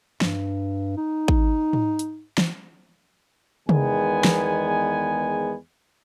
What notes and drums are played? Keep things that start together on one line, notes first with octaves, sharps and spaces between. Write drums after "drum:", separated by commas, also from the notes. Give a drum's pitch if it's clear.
G2, drum: snare
D#4
drum: kick G#1
drum: tom
drum: hi-hat
drum: snare
E2 D#3 G#3 B3 G#5, drum: tom
drum: snare